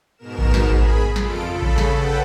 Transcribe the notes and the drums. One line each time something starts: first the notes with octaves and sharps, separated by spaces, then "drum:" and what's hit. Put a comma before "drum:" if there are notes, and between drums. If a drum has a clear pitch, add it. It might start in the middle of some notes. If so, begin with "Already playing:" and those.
G#2 B2 A#4 E7
drum: kick A1
drum: snare
G#4 B5, drum: kick A1
F2 F4 A4 D7, drum: snare
C#3 A4 B5
drum: kick A1
drum: snare
A4 B4 F#5 G5